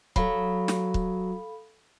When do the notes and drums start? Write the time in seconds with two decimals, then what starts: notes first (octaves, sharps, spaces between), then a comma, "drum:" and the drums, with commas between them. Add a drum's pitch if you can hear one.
0.16 F#3 A4 F5 B5, drum: kick C#1
0.68 drum: snare
0.94 drum: kick C#1